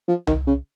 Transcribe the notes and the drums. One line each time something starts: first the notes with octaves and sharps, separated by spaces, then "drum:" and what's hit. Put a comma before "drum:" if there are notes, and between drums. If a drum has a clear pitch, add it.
F3
D#3, drum: tom C2
C#3